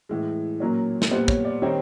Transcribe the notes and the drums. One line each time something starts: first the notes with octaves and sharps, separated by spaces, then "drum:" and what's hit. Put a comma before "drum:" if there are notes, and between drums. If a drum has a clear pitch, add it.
A2 E3 G#3
A#2 F#3 A#3 C#4
drum: snare
A#2 G3 B3 C5
C#5, drum: kick
D5
D#3 G3 C4 D#4 C#5